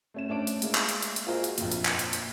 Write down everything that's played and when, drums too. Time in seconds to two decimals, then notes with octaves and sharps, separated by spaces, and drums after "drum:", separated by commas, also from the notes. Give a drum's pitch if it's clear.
0.14 A3 C#4 E7
0.29 A3 C#4 D4 D7
0.47 drum: hi-hat
0.62 G#3 A#3 E4, drum: hi-hat
0.75 drum: clap
0.89 drum: hi-hat
1.02 drum: hi-hat
1.16 drum: hi-hat
1.27 F4 F#4 G#4 A#4 C5 D#5
1.44 drum: hi-hat
1.58 A#1 F2 A#2, drum: hi-hat
1.72 drum: hi-hat
1.85 drum: clap
1.99 drum: hi-hat
2.13 drum: hi-hat